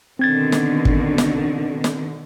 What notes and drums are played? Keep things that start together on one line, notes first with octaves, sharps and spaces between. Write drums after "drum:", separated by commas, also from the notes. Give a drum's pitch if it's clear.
B2 D3 D#3 C4 G#6 A6
drum: snare
drum: kick
drum: snare
drum: snare